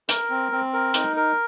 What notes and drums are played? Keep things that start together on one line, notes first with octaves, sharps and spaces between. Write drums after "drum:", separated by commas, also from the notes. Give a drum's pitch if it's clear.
A#4, drum: hi-hat
C4
C4
A#4
D#4, drum: hi-hat
A#4